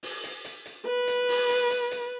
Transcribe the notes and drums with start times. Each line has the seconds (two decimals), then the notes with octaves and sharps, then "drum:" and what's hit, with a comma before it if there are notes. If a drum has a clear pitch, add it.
0.03 drum: open hi-hat
0.24 drum: hi-hat
0.45 drum: hi-hat
0.66 drum: hi-hat
0.87 B4
1.08 drum: hi-hat
1.29 drum: open hi-hat
1.50 drum: hi-hat
1.71 drum: hi-hat
1.91 drum: hi-hat